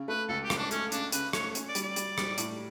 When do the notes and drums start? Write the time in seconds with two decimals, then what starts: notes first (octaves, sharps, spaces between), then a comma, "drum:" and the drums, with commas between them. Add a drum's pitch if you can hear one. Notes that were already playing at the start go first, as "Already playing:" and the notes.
Already playing: C#3
0.08 A3 B4
0.29 C#2 A4
0.44 G4
0.50 C#2, drum: rim click
0.58 D4
0.71 A3 C#4, drum: hi-hat
0.92 C#3 D4, drum: hi-hat
1.12 C#3 B4, drum: hi-hat
1.33 A3 C#5, drum: rim click
1.55 C#4, drum: hi-hat
1.69 D5
1.75 G3, drum: hi-hat
1.82 D5
1.96 G3, drum: hi-hat
2.18 G3, drum: rim click
2.38 A2, drum: hi-hat